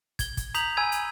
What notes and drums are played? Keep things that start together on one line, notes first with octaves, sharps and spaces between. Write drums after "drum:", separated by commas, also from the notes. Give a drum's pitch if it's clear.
G#6 G7, drum: kick, hi-hat
drum: kick, hi-hat
A#5 D#6 G6 B6 F7 F#7, drum: hi-hat
G#5 B5 E6 G#6 D#7
drum: hi-hat